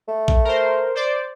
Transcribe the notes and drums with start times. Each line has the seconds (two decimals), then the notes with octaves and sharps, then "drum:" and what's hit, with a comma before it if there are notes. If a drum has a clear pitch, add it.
0.08 A3
0.28 drum: kick A#1
0.45 A#4 C5
0.95 C5 D5